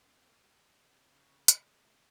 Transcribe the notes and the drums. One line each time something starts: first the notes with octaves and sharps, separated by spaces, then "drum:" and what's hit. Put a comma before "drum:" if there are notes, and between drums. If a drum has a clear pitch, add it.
A#2 C#4
A#2 C4
A#3
G3
G#3
G#3
C3
C3
C#3 A#3
C#3
G#3, drum: hi-hat
G#3
C3